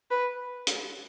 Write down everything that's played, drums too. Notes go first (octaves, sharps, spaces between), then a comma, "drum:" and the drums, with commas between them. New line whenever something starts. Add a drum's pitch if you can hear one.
B4
drum: hi-hat